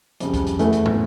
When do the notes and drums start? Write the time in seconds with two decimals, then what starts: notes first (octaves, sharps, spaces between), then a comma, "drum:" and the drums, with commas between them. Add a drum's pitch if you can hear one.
0.20 F2 C#3 G3, drum: hi-hat
0.34 drum: kick, hi-hat
0.47 drum: hi-hat
0.59 E2 E3 A3, drum: hi-hat
0.73 drum: hi-hat
0.86 drum: tom